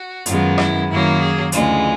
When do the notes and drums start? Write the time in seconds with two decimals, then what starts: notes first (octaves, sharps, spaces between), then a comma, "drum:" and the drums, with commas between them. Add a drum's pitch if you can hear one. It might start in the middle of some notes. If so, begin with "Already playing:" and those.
Already playing: F#4
0.26 F#2 D#3 G#3 B3 F4, drum: hi-hat
0.58 E4, drum: rim click
0.89 F#2 D#3 F#3 A#3 E4
1.21 G#4
1.52 D2 C#3 E3 G#3 F4, drum: hi-hat